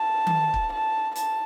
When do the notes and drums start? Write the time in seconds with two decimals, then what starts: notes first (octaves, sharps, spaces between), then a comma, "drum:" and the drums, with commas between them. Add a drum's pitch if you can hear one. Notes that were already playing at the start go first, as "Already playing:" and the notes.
Already playing: A5
0.27 drum: tom D#3
0.54 drum: kick
0.73 A5
1.15 A5, drum: hi-hat